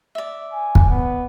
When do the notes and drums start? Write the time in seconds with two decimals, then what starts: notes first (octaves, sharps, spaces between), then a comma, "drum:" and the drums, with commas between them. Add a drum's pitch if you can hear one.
0.15 D5 E5
0.53 G#5
0.75 drum: kick
0.89 B3